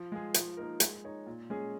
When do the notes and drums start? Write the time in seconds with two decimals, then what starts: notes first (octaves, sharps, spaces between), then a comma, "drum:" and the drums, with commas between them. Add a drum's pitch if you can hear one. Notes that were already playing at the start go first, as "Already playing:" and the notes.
Already playing: F3
0.12 G#3 F4 G#4
0.34 F3, drum: hi-hat
0.57 A#3 D#4 A#4
0.80 G#3, drum: hi-hat
1.04 D#4 C#5
1.27 A#2
1.50 G#3 C#4 G#4